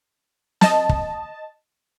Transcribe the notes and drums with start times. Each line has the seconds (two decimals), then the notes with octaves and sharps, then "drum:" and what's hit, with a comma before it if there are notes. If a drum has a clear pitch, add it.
0.61 D#5 A5, drum: snare
0.89 drum: kick